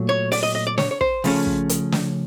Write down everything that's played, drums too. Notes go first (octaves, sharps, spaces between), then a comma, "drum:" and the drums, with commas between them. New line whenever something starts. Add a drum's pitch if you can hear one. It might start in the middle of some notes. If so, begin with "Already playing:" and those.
Already playing: A#2 F#3 A3
C#5
D5, drum: open hi-hat
D#5
D#5
D5
C#5, drum: snare
C#5
C5, drum: kick
C#3 F3 A3 C#4, drum: open hi-hat
drum: kick
drum: hi-hat
drum: snare